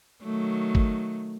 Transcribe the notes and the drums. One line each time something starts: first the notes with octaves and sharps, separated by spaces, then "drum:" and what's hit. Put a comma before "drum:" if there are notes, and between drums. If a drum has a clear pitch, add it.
D#3 F#3 A3
drum: kick